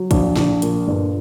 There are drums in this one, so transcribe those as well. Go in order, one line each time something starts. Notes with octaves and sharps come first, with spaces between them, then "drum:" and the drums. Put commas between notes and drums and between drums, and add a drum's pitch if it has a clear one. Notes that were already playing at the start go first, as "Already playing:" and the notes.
Already playing: F#3
A#1, drum: kick, hi-hat
A#1, drum: snare
A#2, drum: hi-hat
G1